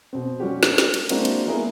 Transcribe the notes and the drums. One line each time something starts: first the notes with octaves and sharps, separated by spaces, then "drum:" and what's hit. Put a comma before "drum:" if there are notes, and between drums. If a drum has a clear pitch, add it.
B2 C4
G3 C#4 F#4 G4
drum: snare
drum: snare
drum: cymbal
G#3 A#3 C4 D4 E4 F#4, drum: cymbal
drum: cymbal
A#3 B3 C#4 E4 G#4 A#4